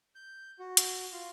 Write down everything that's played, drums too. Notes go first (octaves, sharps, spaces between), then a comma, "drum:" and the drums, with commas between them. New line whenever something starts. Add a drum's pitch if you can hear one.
G6
F#4
drum: hi-hat
F4